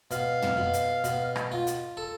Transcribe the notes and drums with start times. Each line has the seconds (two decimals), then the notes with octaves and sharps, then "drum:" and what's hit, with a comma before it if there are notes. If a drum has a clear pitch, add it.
0.11 B2 F5, drum: hi-hat
0.42 drum: tom
0.57 B2
0.73 drum: hi-hat
1.04 B2, drum: hi-hat
1.36 drum: rim click
1.52 F4
1.67 drum: hi-hat
1.97 A4